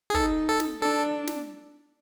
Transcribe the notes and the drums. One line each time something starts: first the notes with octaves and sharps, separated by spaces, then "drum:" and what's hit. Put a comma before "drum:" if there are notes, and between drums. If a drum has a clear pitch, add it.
G#4
D#4 A4, drum: kick
A4
drum: snare
D4 A4
drum: snare